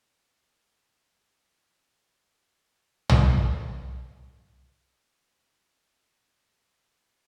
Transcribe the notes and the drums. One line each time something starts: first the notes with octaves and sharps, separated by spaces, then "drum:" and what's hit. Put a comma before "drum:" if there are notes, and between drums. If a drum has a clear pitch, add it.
C2 G#4 F5
A3 A4
A#1 E5
D#1 E2
drum: tom
B2 G#3 A#3 C#4 G#4
F6
G3 A#3 C4 C#4
G1 G3 B3 E5 C#7
A#3 D#4 G#4 A4 G#5 A5
A#3 A4 D5 F#5